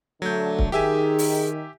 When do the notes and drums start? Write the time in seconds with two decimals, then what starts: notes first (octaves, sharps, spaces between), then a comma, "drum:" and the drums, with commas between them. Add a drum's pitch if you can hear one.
0.22 D3 F#3 A3 A4 G6
0.59 drum: kick C#1
0.72 D#3 G4 G#4 E5 G#5
1.19 drum: open hi-hat